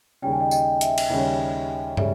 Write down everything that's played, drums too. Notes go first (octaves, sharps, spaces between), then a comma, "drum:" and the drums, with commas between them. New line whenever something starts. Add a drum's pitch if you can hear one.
D#2 C#3 G3 C#4 G5
G#5
D#5 G5
D#5 G5, drum: tambourine
E5, drum: hi-hat
drum: cymbal
D#2 C#3 G3 C#4
C#3 G3 C#4 E5, drum: tom